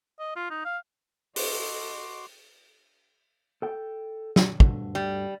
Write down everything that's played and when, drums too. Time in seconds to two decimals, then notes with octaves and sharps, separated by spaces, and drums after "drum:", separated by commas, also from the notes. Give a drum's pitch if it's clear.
0.19 D#5
0.36 F4
0.50 D#4
0.65 F5
1.36 F#4 A4 D#5 C6 D6, drum: open hi-hat
3.62 A4 G5
4.36 drum: snare
4.60 D2 G2 D3, drum: kick
4.95 G3